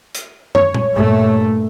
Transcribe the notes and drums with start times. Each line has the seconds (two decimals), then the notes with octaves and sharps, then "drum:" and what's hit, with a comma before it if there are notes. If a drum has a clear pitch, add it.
0.15 drum: hi-hat
0.55 C#5, drum: tom
0.74 drum: tom A#2
0.94 G2 A#2 A3